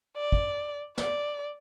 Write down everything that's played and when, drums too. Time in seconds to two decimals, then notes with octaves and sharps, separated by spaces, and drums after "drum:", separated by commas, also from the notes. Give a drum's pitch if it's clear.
0.16 D5
0.32 drum: kick
0.97 D5, drum: snare